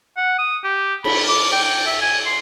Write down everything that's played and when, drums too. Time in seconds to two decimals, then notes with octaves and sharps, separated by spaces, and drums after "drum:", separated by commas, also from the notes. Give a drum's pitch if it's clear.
0.17 F#5
0.38 D#6
0.64 G4
1.04 B5, drum: cymbal
1.28 D6
1.52 G5
1.64 G5
1.86 E5
2.02 G#5
2.26 C6